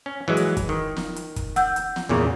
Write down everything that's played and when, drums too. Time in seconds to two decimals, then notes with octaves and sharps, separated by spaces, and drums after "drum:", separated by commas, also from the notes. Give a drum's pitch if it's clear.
0.06 C#4
0.28 E3 F#3 G#3
0.37 drum: hi-hat
0.57 drum: kick, hi-hat
0.69 D#3
0.97 drum: snare
1.16 drum: hi-hat
1.36 drum: kick, hi-hat
1.56 F#5 E6 G6, drum: hi-hat
1.76 drum: hi-hat
1.96 drum: snare
2.09 E2 A#2 C#3